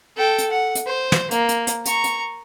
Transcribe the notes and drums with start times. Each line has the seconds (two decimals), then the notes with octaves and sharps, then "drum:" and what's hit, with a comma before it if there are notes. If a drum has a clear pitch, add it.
0.17 A4 G5
0.38 drum: hi-hat
0.51 F#5
0.75 drum: hi-hat
0.87 C5
1.12 drum: snare
1.31 A#3, drum: hi-hat
1.49 drum: hi-hat
1.67 drum: hi-hat
1.86 A#5 C#6, drum: hi-hat
2.04 drum: hi-hat